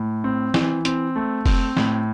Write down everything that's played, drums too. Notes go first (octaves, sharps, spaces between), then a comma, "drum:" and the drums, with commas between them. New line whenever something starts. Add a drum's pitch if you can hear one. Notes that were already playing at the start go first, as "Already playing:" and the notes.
Already playing: A2
C4
E3, drum: snare
C4, drum: hi-hat
A3
C4, drum: kick F1, open hi-hat
A2, drum: snare